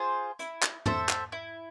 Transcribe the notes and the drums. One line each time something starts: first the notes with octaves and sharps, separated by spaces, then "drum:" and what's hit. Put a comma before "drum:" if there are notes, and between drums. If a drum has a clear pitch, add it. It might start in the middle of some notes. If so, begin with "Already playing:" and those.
Already playing: F4 G#4 C5
E4, drum: hi-hat
drum: clap
A4 C5 E5, drum: tom G#2
drum: clap
E4